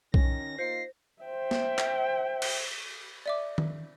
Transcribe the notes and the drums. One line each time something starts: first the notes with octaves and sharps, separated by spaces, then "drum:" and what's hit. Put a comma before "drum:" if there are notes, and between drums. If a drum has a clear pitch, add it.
D#3 C#4 A#6, drum: kick B1
A#3 D#4 F4 C5 C7 C#7
C5 E5 G5
drum: snare
drum: clap
drum: cymbal
D5 E5 D6
drum: tom D#3